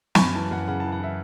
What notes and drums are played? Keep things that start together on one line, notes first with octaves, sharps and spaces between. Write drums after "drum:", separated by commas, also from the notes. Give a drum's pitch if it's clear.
C#6, drum: snare
F#2 B5
E3 A5
F#2 F#5
C#3 F#5
E3 A5
F#5
E3 E5